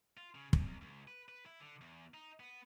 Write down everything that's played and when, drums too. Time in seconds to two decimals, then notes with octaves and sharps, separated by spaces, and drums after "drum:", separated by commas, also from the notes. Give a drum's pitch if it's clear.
0.17 F4
0.35 C#3
0.53 E2, drum: kick
0.66 C2
0.81 C#2
1.08 B4
1.29 B4
1.46 E4
1.60 D3
1.81 E2
2.14 D#4
2.40 B3